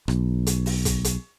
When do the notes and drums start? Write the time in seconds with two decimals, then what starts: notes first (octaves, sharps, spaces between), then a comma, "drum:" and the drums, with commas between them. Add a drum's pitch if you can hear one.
0.08 B1, drum: rim click
0.47 drum: hi-hat
0.66 drum: open hi-hat
0.85 drum: kick, hi-hat
1.04 drum: hi-hat